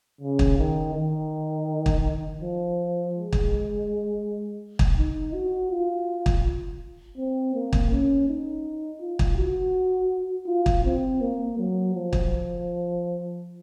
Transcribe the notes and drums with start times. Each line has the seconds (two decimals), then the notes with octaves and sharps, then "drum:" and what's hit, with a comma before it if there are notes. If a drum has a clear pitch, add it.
0.21 C#3
0.39 drum: kick
0.58 D#3
0.94 D#3
1.86 drum: kick
2.41 F3
3.15 G#3
3.33 drum: kick
4.79 drum: kick
4.98 D#4
5.34 F#4
5.71 F4
6.26 drum: kick
7.17 C4
7.54 A#3
7.73 drum: kick
7.91 C#4
8.28 D#4
9.01 F4
9.19 drum: kick
9.37 F#4
10.47 F4
10.66 drum: kick
10.85 C4
11.21 A#3
11.58 F#3
11.94 F3
12.13 drum: kick